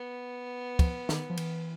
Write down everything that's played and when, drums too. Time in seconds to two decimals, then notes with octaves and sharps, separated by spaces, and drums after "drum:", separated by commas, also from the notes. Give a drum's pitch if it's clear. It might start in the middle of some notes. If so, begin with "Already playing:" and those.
Already playing: B3
0.79 F3, drum: kick, cymbal
1.09 D#3, drum: snare
1.30 F3
1.37 E3, drum: cymbal